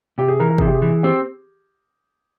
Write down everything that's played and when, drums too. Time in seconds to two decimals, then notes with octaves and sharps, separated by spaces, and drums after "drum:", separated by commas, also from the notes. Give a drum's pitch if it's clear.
0.18 C3 G4
0.28 G#4
0.40 E3 A#4
0.50 A#4
0.58 C3 G#4, drum: kick
0.67 G4
0.74 G#4
0.82 E3
1.03 C4 G4